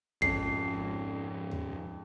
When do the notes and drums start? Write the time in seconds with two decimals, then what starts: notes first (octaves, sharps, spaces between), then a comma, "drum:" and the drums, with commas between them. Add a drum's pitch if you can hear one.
0.22 F2 G#2 F3 C#4 C7, drum: kick
1.51 drum: tom D#2